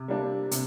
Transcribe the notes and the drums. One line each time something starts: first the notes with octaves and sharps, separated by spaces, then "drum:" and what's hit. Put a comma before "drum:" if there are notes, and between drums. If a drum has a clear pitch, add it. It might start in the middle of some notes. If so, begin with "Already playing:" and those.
Already playing: C3
G3 A#3 D4
C3, drum: hi-hat